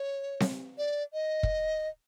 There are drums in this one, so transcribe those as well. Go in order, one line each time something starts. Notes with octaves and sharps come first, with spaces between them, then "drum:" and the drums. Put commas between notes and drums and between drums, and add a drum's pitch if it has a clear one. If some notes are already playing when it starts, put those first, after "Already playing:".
Already playing: C#5
drum: snare C4
D5
D#5
drum: kick